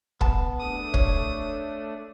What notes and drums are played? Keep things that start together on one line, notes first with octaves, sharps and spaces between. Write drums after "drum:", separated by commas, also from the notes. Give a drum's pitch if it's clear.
B3 A5, drum: kick
A3 D4 D#6
C#5, drum: kick